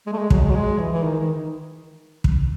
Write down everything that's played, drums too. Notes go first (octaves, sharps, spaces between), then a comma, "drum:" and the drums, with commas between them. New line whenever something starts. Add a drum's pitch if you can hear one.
G#3
A3
G#3
F#3, drum: kick
G#3
F#3
G#3
E3
E3
D#3
D#3
drum: kick